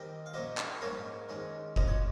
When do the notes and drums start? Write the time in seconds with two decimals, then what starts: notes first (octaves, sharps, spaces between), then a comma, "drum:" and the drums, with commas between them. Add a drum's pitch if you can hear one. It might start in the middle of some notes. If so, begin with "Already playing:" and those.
Already playing: D#2 D#3 G3 C4 D#5 G5
0.26 F5
0.33 A#2 F3 A#3 C#4 C5 D#5
0.57 drum: clap
0.81 G#2 F3 A#3 C#4 A#4 C#5
1.29 D#2 D#3 G#3 C#4
1.76 C#2 C#3 F3 G#3 D#5, drum: kick G1
1.87 C#5